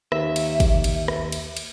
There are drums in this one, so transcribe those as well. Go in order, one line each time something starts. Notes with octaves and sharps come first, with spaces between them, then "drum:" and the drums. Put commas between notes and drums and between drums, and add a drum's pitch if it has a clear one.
D#2 E5, drum: rim click
drum: cymbal
drum: kick, cymbal
drum: cymbal
drum: rim click
drum: cymbal
drum: cymbal